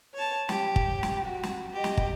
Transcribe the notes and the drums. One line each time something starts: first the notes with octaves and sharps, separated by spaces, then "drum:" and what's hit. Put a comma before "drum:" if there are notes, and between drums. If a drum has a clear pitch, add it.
C#5 A5
G4, drum: snare
drum: kick
drum: snare
F#4
drum: snare
G4 D#5
drum: snare
drum: kick